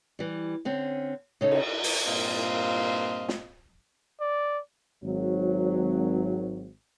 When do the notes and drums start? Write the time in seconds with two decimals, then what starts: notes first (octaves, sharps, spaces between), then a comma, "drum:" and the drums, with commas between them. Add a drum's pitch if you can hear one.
0.19 E3 G3
0.65 D3 C4 C#4
1.41 C#3 C#4 D#4 A4
1.51 drum: cymbal
1.84 drum: open hi-hat
2.06 G2 A#2 C4 D#5 F5
3.29 drum: snare
4.20 D5
5.04 G#1 F#3